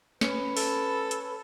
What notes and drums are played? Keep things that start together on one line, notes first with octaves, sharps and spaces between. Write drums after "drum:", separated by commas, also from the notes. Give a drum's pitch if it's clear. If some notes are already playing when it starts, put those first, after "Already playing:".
C#4 B4 C#7, drum: snare
A4, drum: open hi-hat
drum: hi-hat